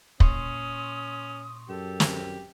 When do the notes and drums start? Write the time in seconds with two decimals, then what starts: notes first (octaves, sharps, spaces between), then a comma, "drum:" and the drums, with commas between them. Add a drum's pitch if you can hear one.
0.20 A#2 C#4 C6 C#6 D#6, drum: kick
1.69 F#2 G4 A4
2.00 drum: snare